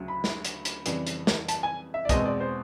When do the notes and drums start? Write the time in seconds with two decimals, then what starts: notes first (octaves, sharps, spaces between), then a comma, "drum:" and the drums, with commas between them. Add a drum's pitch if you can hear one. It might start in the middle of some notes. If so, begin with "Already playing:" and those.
Already playing: D2 C#3 F#3
0.08 B5
0.24 drum: snare
0.45 drum: hi-hat
0.65 drum: hi-hat
0.86 F2 C#3 E3 G3, drum: hi-hat
1.07 drum: hi-hat
1.27 drum: snare
1.48 A5, drum: hi-hat
1.63 G#5
1.94 E5
2.05 D5
2.09 E2 B2 G#3 C4 D#5, drum: kick, hi-hat
2.25 D5
2.40 C5